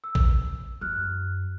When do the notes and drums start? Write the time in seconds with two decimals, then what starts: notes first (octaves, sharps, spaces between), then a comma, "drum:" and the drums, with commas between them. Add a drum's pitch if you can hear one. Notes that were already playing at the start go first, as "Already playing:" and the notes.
0.04 E6
0.15 drum: kick A1
0.81 F#2 F6 F#6